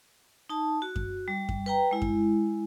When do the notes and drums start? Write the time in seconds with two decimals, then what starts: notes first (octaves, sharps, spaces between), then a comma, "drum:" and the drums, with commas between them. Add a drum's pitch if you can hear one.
0.49 D#4 A5
0.82 F#4
0.96 drum: kick F#2
1.28 G3
1.49 drum: kick F#2
1.66 B4 G5 A#5
1.91 G#3 E4
2.02 drum: kick F#2